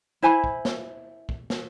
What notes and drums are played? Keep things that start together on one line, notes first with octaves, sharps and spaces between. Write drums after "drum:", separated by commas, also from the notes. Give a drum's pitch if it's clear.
E4 C5 G#5 B5
drum: kick
drum: snare
drum: kick
drum: snare